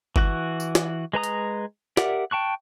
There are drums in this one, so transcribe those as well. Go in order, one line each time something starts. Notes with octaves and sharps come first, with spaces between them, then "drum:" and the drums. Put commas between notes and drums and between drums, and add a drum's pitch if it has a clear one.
E3 F#4 F#6, drum: kick G1
drum: tambourine
drum: snare
G#3 B4 A#5 D#6
drum: hi-hat
G4 A#4 D5 E5 F#5, drum: snare
G5 A5 C#6 F#6